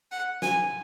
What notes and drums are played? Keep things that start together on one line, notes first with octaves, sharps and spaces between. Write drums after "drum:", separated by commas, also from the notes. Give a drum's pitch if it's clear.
F#5
G#5, drum: snare